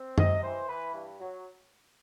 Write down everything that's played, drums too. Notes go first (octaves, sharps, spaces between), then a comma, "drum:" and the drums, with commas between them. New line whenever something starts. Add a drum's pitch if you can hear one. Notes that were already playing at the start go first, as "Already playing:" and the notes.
Already playing: C4
C3 D#5, drum: tom F#2
E3 C5
E3 B4
G2
F#3